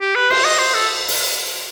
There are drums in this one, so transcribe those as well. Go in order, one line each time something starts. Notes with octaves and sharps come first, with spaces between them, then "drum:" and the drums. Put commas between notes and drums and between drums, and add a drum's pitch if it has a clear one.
G4
B4
C5, drum: cymbal
D#5
C5
A4
drum: open hi-hat